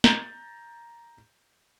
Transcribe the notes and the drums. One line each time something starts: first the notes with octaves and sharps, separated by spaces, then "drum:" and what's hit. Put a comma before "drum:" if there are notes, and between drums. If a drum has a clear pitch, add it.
A#5 G6 A6, drum: snare